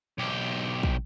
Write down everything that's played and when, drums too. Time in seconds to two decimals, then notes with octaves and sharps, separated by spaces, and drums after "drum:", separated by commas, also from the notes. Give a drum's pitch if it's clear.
0.18 B1 G4
0.83 drum: kick